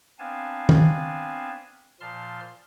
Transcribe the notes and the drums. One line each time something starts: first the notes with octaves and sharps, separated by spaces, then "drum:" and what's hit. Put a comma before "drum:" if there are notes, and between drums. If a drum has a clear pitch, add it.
B3 C4 D4 F5 G#5 A5
drum: tom D#3
A#2 F3 A5 C6 F6